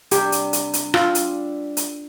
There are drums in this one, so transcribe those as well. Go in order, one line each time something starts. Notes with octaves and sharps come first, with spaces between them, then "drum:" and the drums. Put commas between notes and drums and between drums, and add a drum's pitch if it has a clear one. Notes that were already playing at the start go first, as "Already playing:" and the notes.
C3 G3 D4 G4, drum: hi-hat
drum: hi-hat
drum: hi-hat
drum: hi-hat
G3 D4 F4 A4, drum: rim click
drum: hi-hat
drum: hi-hat